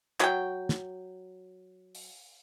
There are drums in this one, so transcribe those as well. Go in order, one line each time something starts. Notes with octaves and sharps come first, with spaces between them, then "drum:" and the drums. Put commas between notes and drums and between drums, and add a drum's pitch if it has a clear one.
F#3 G5, drum: clap
drum: snare
drum: open hi-hat